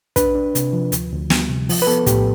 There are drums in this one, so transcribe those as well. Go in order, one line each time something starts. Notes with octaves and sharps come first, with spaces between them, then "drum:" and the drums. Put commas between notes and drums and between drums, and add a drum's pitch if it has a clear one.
D4 B4, drum: kick, hi-hat
D4
C3, drum: hi-hat
F3
D2, drum: hi-hat
D2
G3, drum: snare
C3
F3, drum: open hi-hat
B4
B3 A4
A2 G4, drum: kick, hi-hat